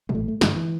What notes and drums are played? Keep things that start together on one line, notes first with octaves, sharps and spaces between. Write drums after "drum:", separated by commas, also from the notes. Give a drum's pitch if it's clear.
G#3, drum: tom
A1 A3
A3
G2 D3 E3, drum: snare
E3